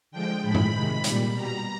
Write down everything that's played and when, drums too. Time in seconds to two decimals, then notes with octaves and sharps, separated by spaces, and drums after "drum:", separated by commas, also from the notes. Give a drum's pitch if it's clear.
0.11 D3 F3 G#3 G5
0.42 A2 F3 G#3 B5
0.55 drum: tom G2
0.73 C3 D#3 G#3
1.04 A#2 G3, drum: hi-hat
1.34 B2 G3 A#5